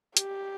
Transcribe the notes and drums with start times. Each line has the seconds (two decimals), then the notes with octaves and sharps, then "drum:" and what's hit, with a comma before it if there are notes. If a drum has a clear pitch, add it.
0.17 G4, drum: hi-hat